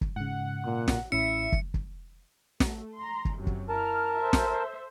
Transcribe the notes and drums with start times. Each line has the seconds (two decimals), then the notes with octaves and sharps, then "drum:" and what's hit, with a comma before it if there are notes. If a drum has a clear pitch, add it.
0.01 drum: kick
0.16 G#2 C#3 F#5
0.65 A#2
0.88 drum: snare
1.12 A1 A2 C#4 E4 E5 C#7
1.52 drum: kick
1.74 drum: kick
2.60 A3, drum: snare
2.98 A#5 C6
3.25 drum: kick
3.36 F#2 C3 F#3
3.47 drum: kick
3.69 E4 A#4 A5 F6
4.17 A4 C5 E5
4.33 drum: snare